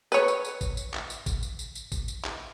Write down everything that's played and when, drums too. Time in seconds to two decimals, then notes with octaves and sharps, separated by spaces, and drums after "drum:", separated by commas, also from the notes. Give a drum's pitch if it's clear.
0.12 B4 C#5, drum: tambourine
0.28 drum: tambourine
0.45 drum: tambourine
0.61 drum: kick, tambourine
0.77 drum: tambourine
0.94 drum: clap
1.10 drum: tambourine
1.26 drum: kick, tambourine
1.43 drum: tambourine
1.59 drum: tambourine
1.75 drum: tambourine
1.92 drum: kick, tambourine
2.08 drum: tambourine
2.24 drum: clap